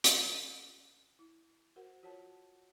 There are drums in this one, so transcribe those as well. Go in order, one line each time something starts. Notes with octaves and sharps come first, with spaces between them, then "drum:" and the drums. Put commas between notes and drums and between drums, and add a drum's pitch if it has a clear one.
drum: hi-hat
C#4
E4
F#4 A#4 C5 F#5
F4 F#4 C#5 F#5 A5